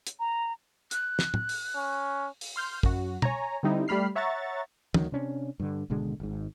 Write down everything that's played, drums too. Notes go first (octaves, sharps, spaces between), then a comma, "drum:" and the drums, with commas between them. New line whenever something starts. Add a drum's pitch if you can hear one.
drum: hi-hat
A#5
F#6, drum: hi-hat
drum: snare
drum: tom
drum: open hi-hat
C#4
drum: open hi-hat
C6 F6 G6
F#2 F#4, drum: kick
C#5 G#5 A#5, drum: tom
D3 G3 C4 D#4 E4
G3 A3 B5 F6 C7
C#5 E5 F#5 A#5 C#6 A6
D2 D#3 F#3, drum: tom
C3 C#4 D4
G2 D3
G#1 B2 D3 G#3
G#1 G#2